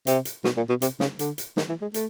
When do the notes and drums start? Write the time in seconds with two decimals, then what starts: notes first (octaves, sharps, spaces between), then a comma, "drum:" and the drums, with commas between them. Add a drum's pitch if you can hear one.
0.07 C3, drum: hi-hat
0.25 drum: hi-hat
0.44 B2, drum: snare
0.57 A#2
0.69 B2
0.82 C3, drum: hi-hat
1.00 C#3, drum: snare
1.19 D3, drum: hi-hat
1.38 drum: hi-hat
1.57 D#3, drum: snare
1.69 E3
1.82 G#3
1.94 A3, drum: hi-hat